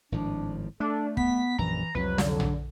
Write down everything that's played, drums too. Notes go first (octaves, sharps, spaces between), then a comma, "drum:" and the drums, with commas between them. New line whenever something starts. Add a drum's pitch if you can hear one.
G#1 A2 F3 D4
A3 D4 A4
B3 B6, drum: kick
A#1 F#2 E3 A#5
C2 F2 C3 F#3 B4
D3, drum: snare
drum: tom